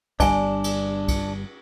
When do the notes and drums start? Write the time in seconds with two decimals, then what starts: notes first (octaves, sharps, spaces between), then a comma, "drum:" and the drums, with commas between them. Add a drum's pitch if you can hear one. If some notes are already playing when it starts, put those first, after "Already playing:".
0.20 G1 G3 D4 D5 G#5, drum: kick, cymbal
0.64 drum: cymbal
1.08 drum: kick, cymbal